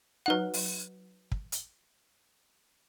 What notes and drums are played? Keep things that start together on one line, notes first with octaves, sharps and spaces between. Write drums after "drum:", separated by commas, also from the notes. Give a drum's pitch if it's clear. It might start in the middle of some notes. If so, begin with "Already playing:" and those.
F#3 D#4 B4 F#5 F#6
drum: open hi-hat
drum: kick
drum: hi-hat